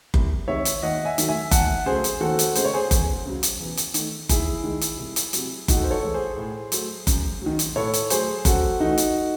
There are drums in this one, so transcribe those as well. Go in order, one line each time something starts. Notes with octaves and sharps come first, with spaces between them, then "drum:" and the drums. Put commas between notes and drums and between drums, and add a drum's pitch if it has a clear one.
C2, drum: kick F#1
C3 D#3 G#3 C#5 E5
drum: hi-hat
D#2 D#5 F#5
E5 G#5
D#3 F#3 A3, drum: hi-hat
E5 G#5
D#2 F#5 A5, drum: kick F#1, hi-hat
C#3 F#3 A3 G#4 C5
drum: hi-hat
D#2 F#4 A4
drum: hi-hat
C#3 G#3 C5, drum: hi-hat
C#5
G#4 C5
E2, drum: kick F#1, hi-hat
C#3 F#3
drum: hi-hat
E2
drum: hi-hat
D#3 A3, drum: hi-hat
D#2 E4 G#4, drum: kick F#1, hi-hat
D#3 G#3
drum: hi-hat
C2
drum: hi-hat
C3 F#3, drum: hi-hat
A2 D#4 F#4, drum: kick F#1, hi-hat
A4
C5
A4 C#5
E3 G#3
G#4 C5
A2
F#3 A3, drum: hi-hat
F#2, drum: kick F#1, hi-hat
D#3 F#3
drum: hi-hat
A2 A4 C#5
drum: hi-hat
F#3 A3 G#4 C5, drum: hi-hat
F#2 F#4 A4, drum: kick F#1, hi-hat
E3 A3 D#4 F#4
drum: hi-hat